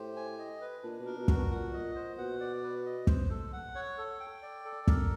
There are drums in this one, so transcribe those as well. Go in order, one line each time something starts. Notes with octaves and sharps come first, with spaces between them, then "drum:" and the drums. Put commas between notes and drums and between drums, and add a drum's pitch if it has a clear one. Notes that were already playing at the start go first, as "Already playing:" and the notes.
Already playing: A2 G4 C5
G#5
D#5
B4
A#2 D4
B2
A#4
B2
F#4, drum: kick
B2
A#2 F#5
D#5
C5
B2 F#5
D5
B4
D#5
C5, drum: kick
A4
F#5
C#5
A4
G5
D5
A4
A#4, drum: kick